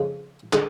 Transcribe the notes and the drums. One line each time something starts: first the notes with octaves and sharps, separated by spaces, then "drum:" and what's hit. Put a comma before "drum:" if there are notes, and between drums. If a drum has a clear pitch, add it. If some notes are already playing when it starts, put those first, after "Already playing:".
Already playing: F2 C#3 F3 G#3
D3 G#3, drum: clap